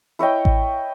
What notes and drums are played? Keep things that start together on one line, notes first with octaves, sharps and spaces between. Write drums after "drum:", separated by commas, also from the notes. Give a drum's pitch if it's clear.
E4 C#5 D#5 G5
drum: kick A1